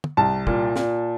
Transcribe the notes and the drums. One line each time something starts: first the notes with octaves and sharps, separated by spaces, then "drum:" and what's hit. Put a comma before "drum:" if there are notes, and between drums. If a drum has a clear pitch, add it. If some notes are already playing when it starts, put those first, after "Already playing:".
drum: tom
C2 A5
A#2, drum: kick
A#2, drum: snare